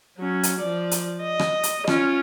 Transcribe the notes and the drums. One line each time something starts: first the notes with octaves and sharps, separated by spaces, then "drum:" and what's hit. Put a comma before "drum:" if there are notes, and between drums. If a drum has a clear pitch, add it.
F#3 C#4
drum: hi-hat
F3 D5
drum: hi-hat
D#5
drum: rim click
drum: hi-hat
C#4 F4, drum: rim click